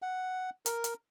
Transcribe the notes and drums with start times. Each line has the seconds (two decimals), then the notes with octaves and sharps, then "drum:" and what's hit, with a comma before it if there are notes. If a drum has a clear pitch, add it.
0.02 F#5
0.66 A#4, drum: hi-hat
0.84 drum: hi-hat